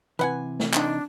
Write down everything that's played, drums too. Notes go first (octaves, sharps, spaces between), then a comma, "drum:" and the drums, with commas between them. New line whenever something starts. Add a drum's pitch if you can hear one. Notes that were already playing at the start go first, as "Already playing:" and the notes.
C3 E3 B4 F#5 G#5
drum: snare
D4 D#4, drum: clap